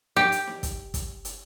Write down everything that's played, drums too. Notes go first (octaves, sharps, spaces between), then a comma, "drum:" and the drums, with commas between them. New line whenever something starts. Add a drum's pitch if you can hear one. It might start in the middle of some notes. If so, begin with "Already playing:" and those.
G4
drum: hi-hat
drum: snare
drum: kick, hi-hat
drum: kick, hi-hat
drum: hi-hat